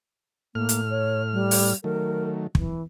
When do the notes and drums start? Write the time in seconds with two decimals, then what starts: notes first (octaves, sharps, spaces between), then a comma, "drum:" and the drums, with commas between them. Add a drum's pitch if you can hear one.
0.55 A2 A#3 F6
0.69 drum: hi-hat
0.90 C#5
1.33 G3
1.51 drum: open hi-hat
1.84 D#3 F#3 A3 A#4
2.55 E3, drum: kick